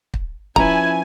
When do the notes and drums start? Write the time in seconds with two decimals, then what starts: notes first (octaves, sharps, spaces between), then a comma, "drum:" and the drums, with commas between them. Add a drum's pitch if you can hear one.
0.14 drum: kick
0.56 F3 C#4 E4 B4 G#5 A#5, drum: kick